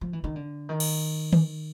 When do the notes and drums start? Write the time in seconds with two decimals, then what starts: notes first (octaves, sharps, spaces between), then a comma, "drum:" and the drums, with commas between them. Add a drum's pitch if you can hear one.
0.01 F3
0.13 E3
0.24 D#3
0.36 D3
0.69 D#3
0.80 drum: cymbal
1.33 drum: tom D#3